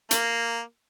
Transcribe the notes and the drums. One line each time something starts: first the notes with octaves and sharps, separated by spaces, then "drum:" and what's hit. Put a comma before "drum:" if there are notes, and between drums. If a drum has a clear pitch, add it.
A#3, drum: hi-hat